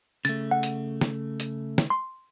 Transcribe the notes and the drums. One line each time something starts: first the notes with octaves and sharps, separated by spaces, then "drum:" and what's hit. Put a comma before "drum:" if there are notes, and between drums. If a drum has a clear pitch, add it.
C#3 A3 A6, drum: hi-hat
F#5
drum: hi-hat
drum: snare
drum: hi-hat
drum: snare
C6